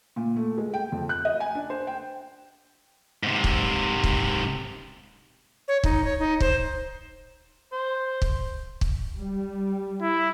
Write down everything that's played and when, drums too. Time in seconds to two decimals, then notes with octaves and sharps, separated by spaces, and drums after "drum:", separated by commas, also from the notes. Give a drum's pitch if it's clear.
0.16 A#2
0.36 A3
0.58 G#3
0.74 G5
0.92 F2
1.09 F#6
1.25 D#5
1.40 G#5
1.55 D4
1.70 C5
1.87 G5
3.23 G#2 C3
3.44 drum: kick
4.04 drum: kick
5.68 C#5
5.84 D#4, drum: kick
6.04 C#5
6.19 D#4
6.40 C5, drum: kick
7.72 C5
8.22 drum: kick
8.81 drum: kick
9.17 G3
10.02 E4